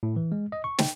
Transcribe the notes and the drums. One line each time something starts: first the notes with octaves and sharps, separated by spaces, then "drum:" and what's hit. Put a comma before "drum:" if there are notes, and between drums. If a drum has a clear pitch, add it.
A2
E3
G#3
D#5
C#6
G5, drum: snare